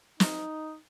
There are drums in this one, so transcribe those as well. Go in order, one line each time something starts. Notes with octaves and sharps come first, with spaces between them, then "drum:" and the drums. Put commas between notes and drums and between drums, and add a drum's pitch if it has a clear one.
D#4, drum: snare